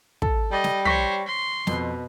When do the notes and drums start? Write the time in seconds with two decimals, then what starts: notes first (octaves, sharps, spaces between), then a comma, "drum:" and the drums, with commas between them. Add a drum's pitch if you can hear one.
0.22 A4, drum: kick
0.52 G3 D#5
0.64 drum: snare
0.85 C5 C#5 C#6 A#6 B6, drum: tom
1.27 C6
1.67 F2 B2, drum: snare